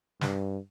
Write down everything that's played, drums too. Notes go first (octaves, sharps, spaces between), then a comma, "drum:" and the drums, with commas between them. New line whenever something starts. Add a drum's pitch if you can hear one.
G2, drum: snare